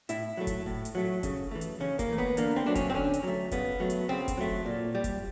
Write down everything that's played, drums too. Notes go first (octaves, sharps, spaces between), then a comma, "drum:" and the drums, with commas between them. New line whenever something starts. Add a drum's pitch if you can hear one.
A2 E4, drum: hi-hat
F#3 A3
drum: kick F#1, hi-hat
A2
drum: hi-hat
F#3 A3
C#3, drum: kick F#1, hi-hat
E3 A3
drum: hi-hat
C#3 C#4
A#3, drum: kick F#1, hi-hat
E3 A3
B3
D3 A#3, drum: hi-hat
C4
F#3 A3 D4
C#4, drum: kick F#1, hi-hat
C4
D3 C#4
drum: hi-hat
F#3 A3
C#3 B3, drum: kick F#1, hi-hat
F#3 A3
drum: hi-hat
C#3 C4
drum: kick F#1, hi-hat
F#3 A3
A#2
G3
drum: kick F#1, hi-hat